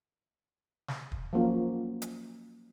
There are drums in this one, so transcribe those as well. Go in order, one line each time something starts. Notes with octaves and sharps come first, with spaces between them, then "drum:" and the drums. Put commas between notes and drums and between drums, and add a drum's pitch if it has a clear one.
drum: snare
drum: kick
F3 F#3 A#3 C#4
drum: hi-hat